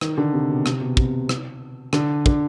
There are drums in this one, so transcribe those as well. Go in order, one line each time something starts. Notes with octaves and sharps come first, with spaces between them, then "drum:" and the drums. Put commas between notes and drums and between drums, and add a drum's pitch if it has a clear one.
D#3, drum: rim click
D3
C3
B2
C3, drum: rim click
B2
C3, drum: kick
drum: rim click
D3, drum: rim click
D3, drum: kick